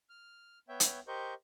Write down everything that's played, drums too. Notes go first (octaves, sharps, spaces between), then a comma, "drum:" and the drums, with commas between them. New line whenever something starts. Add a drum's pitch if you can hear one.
F6
B3 C#5 E5 G5
drum: hi-hat
G4 A#4 C5 D#5 C#6 G6